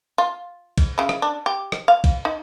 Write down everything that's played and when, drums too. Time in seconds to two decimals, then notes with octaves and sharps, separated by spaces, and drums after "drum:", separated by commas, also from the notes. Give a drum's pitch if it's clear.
0.18 F4
0.78 drum: kick, cymbal
0.98 C#3 E4
1.09 drum: rim click
1.22 D4
1.46 G4
1.72 drum: rim click
1.88 F5
2.04 drum: kick, cymbal
2.25 D#4